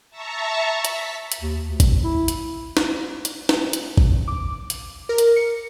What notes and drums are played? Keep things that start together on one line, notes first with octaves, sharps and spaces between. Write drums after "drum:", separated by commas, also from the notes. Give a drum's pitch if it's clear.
E5 A5 A#5 C#6
B6, drum: hi-hat
drum: hi-hat
D#2
D2
drum: kick G#1, hi-hat
E4
drum: hi-hat
drum: snare
drum: hi-hat
drum: snare
drum: hi-hat
drum: kick G#1
D6
drum: hi-hat
A#4
drum: hi-hat
C#7